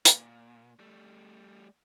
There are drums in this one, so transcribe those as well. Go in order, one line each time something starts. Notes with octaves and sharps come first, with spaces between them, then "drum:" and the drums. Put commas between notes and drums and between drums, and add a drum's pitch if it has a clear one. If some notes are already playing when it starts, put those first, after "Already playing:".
A#2, drum: hi-hat
G3 A3